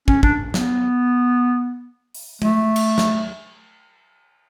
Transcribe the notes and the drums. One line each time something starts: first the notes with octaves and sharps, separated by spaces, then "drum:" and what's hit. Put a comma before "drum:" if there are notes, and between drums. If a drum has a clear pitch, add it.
C#4, drum: kick
D4, drum: kick
B3, drum: snare
drum: open hi-hat
A3, drum: tom
drum: cymbal
drum: snare